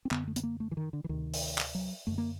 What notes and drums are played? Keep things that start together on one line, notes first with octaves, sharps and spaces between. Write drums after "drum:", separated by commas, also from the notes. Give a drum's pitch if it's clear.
C4
F#2 D3 B3, drum: clap
A3
B3, drum: hi-hat
A#3
A3
E3
D#3
D3
E3
D2 C3 D#3
drum: open hi-hat
drum: clap
F#3
F#2 D3 A3
A#3